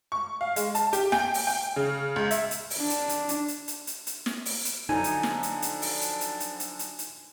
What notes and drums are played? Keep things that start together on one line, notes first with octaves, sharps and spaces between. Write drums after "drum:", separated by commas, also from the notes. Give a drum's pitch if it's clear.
C#6
F5
G#3, drum: hi-hat
A5, drum: hi-hat
G4, drum: hi-hat
G5, drum: snare
drum: open hi-hat
G5
C#3
C#2
E5, drum: hi-hat
drum: hi-hat
drum: open hi-hat
D4
drum: hi-hat
drum: hi-hat
drum: hi-hat
drum: hi-hat
drum: hi-hat
drum: hi-hat
drum: hi-hat
drum: snare
drum: open hi-hat
drum: hi-hat
D3 F3 F#3 D4 D#4 G#5 A#5
drum: hi-hat
drum: snare
drum: hi-hat
drum: hi-hat
drum: open hi-hat
drum: hi-hat
drum: hi-hat
drum: hi-hat
drum: hi-hat
drum: hi-hat
drum: hi-hat